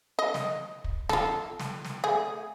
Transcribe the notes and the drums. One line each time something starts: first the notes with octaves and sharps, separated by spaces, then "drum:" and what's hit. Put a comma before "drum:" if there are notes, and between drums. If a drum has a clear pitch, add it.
D#5
drum: snare
drum: kick
F4 A4, drum: snare
drum: snare
drum: snare
A3 G#4